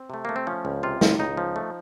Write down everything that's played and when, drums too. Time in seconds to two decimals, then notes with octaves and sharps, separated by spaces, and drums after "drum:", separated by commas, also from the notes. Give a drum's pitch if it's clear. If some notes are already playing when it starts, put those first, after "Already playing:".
Already playing: C4
0.10 C3 A3
0.25 A3 A#3
0.36 C4
0.47 F3 C#4
0.65 C#2
0.83 C3 F4
1.01 C#2, drum: snare
1.19 C#2 D#4
1.37 F3
1.56 A3